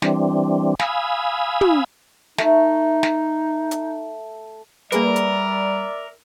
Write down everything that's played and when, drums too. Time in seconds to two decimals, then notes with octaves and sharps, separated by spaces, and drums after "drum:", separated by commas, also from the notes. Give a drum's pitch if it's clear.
0.02 E3 G3 C4 D4, drum: snare
0.79 F5 G#5 B5 D#6 E6, drum: snare
1.61 drum: tom
2.38 A3 D#4, drum: snare
3.03 drum: snare
3.71 drum: hi-hat
4.92 G3 A#3 G#4 A#4 B4 D5 E5, drum: hi-hat
5.16 drum: hi-hat